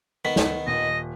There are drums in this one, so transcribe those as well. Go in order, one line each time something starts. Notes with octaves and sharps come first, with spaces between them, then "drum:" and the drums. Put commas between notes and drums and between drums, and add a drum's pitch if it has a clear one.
D#3 B3 B6
drum: snare
D#1 D#5